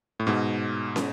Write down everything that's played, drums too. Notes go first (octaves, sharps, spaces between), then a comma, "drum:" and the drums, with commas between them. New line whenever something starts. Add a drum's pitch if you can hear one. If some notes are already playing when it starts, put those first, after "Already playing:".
A2
G#2 B2
drum: snare